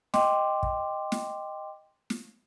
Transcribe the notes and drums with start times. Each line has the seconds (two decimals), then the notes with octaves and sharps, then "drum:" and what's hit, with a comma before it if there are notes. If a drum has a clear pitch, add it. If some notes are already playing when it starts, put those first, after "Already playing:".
0.14 D#5 G5 C6 D6, drum: snare
0.63 drum: kick
1.12 drum: snare
2.10 drum: snare